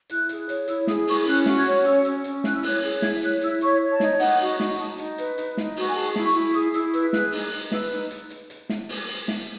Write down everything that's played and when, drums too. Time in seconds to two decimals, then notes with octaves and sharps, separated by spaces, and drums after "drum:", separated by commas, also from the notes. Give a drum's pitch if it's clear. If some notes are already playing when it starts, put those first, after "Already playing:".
0.10 E4 F#6, drum: hi-hat
0.29 G#4, drum: hi-hat
0.49 C#5, drum: hi-hat
0.68 E4 E6, drum: hi-hat
0.87 G#4 D#6, drum: snare
1.08 E4 C#6, drum: open hi-hat
1.27 C#4 F#6, drum: hi-hat
1.46 F#4, drum: snare
1.56 G#6
1.66 C#5, drum: hi-hat
1.85 C#4 E6, drum: hi-hat
2.05 C#4, drum: hi-hat
2.24 C#4, drum: hi-hat
2.44 E4 F#6, drum: snare
2.53 E6
2.63 C#5 F#6, drum: open hi-hat
2.83 G#4, drum: hi-hat
3.02 E4 G#6, drum: snare
3.22 C#5 F#6, drum: hi-hat
3.41 E4 E6, drum: hi-hat
3.61 C#5 C#6, drum: hi-hat
3.81 C#5
3.91 A5
4.00 D#4, drum: snare
4.19 D#4 F#5, drum: open hi-hat
4.40 F#4, drum: hi-hat
4.60 D#4, drum: snare
4.78 D#4 A5, drum: hi-hat
4.98 D#4, drum: hi-hat
5.18 B4, drum: hi-hat
5.38 D#4, drum: hi-hat
5.57 D#4, drum: snare
5.76 F#4, drum: open hi-hat
5.88 G#5
5.95 G#4 A5
6.16 E4, drum: snare
6.25 C#6
6.35 E4, drum: hi-hat
6.54 G#4 D#6, drum: hi-hat
6.74 E4 E6, drum: hi-hat
6.94 B4 E6, drum: hi-hat
7.13 G#4 F#6, drum: snare
7.32 D#4, drum: open hi-hat
7.53 D#4, drum: hi-hat
7.72 B4 E6, drum: snare
7.92 D#4, drum: hi-hat
8.11 drum: hi-hat
8.30 drum: hi-hat
8.50 drum: hi-hat
8.69 drum: snare
8.89 drum: open hi-hat
9.09 drum: hi-hat
9.28 drum: snare